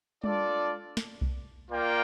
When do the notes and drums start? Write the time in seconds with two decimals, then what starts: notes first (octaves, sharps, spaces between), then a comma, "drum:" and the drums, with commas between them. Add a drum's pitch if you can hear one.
0.24 D4 F4 A4 D5, drum: tom G3
0.97 drum: snare
1.21 drum: kick C2
1.71 A#3 F4 A#4 D5 G5